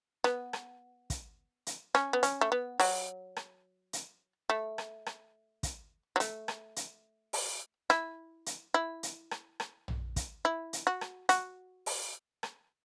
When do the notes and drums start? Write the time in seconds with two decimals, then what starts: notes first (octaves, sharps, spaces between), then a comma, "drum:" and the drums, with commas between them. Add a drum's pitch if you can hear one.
0.24 B3, drum: rim click
0.53 drum: rim click
1.10 drum: kick, hi-hat
1.67 drum: hi-hat
1.95 C#4, drum: rim click
2.13 B3
2.23 C#4, drum: hi-hat
2.41 A3
2.52 B3
2.80 F#3, drum: open hi-hat
3.36 drum: rim click
3.93 drum: hi-hat
4.50 A3
4.78 drum: rim click
5.06 drum: rim click
5.63 drum: kick, hi-hat
6.16 F#3
6.20 A3, drum: hi-hat
6.48 drum: rim click
6.76 drum: hi-hat
7.33 drum: open hi-hat
7.90 E4, drum: rim click
8.46 drum: hi-hat
8.74 E4
9.03 drum: hi-hat
9.31 drum: rim click
9.60 drum: rim click
9.88 drum: tom A#1
10.16 drum: kick, hi-hat
10.45 E4
10.73 drum: hi-hat
10.87 F#4
11.01 drum: rim click
11.29 F#4, drum: hi-hat
11.86 drum: open hi-hat
12.43 drum: rim click